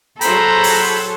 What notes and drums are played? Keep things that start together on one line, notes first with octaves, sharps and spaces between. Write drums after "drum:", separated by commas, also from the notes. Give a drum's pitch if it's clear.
F#3 G#4 A4 C5 G5 A#5 B5, drum: hi-hat
drum: open hi-hat